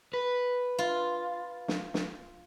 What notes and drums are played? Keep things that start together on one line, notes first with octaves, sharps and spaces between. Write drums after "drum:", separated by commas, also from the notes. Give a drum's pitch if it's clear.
B4
F4
drum: snare
drum: snare